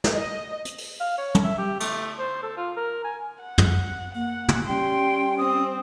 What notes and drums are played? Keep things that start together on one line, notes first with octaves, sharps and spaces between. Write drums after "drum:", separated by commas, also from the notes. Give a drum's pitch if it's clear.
drum: snare
D#5
drum: hi-hat
drum: open hi-hat
F5
C#5
drum: tom
E5
G4
A3, drum: cymbal
C5
A4
F4
A#4
G#5
F#5
drum: tom
A#3 F#5
drum: tom
G3 C#4 G5 C6
C4 D#6